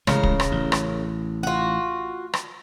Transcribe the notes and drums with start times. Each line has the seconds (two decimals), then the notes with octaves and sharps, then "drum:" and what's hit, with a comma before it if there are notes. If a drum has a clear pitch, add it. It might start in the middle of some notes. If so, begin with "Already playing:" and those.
0.07 A1 C#3 G#3 A#4, drum: rim click
0.23 drum: kick
0.40 drum: rim click
0.52 A1
0.72 drum: rim click
1.43 F4 F#4
2.33 drum: rim click